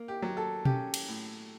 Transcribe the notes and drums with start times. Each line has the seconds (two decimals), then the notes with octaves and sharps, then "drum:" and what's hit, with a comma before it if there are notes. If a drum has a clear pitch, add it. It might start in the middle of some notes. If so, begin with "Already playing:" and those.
Already playing: A#3
0.08 G4
0.22 F#3
0.37 A4
0.65 C#4 G4, drum: tom B2
0.94 drum: cymbal
1.08 A2